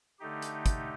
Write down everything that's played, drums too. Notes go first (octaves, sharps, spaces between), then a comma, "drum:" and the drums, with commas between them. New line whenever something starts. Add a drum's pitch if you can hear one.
D3 A3 D#4 G4
drum: hi-hat
drum: kick, hi-hat